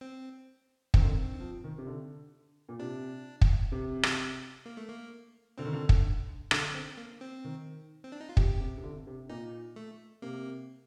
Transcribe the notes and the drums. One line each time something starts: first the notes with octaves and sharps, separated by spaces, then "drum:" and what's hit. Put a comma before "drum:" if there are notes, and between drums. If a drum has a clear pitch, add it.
C4
D#3 C4, drum: kick
D3
D#3
F3
D#3
C3
D3
A#2
C3 D4
drum: kick
C3
drum: rim click
A#3
A3
A#3
D3 C4
D#3
D3
drum: kick
D3 D4, drum: rim click
C4
A#3
C4
D#3
C4
D4
D#4
F4
C3 G4, drum: kick
C3
C3
D3
C3
A#2 D#4
A3
C3 A#3